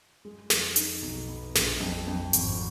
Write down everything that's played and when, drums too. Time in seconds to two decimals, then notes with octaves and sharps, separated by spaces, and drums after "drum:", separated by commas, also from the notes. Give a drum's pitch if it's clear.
0.25 G#3
0.50 F2, drum: snare
0.76 D#4, drum: hi-hat
1.02 B1
1.29 B3
1.55 A#1, drum: snare
1.80 F2
2.08 F2
2.33 G#1, drum: hi-hat